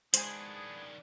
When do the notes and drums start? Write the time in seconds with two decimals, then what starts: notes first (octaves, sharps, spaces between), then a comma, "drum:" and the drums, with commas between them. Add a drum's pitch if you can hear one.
0.14 D#3 G#3 B3 D4 G#4 C5 G#5, drum: hi-hat